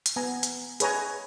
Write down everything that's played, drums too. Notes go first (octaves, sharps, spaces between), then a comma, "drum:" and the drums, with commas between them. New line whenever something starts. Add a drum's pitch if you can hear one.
drum: hi-hat
B3 G#5 A#5
drum: hi-hat
G#4 B4 C#5 G#5 A#5, drum: hi-hat